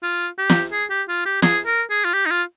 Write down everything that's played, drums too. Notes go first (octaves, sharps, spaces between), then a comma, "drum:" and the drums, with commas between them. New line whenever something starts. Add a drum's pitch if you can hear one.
F4
G4
drum: snare
G#4
G4
F4
G4
G#4, drum: snare
A#4
G#4
F4
G4
D#4
F4